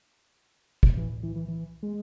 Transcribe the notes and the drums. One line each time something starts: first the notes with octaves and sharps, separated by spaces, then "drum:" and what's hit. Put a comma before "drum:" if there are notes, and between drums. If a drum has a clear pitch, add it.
drum: kick
E3
E3
E3
E3
G#3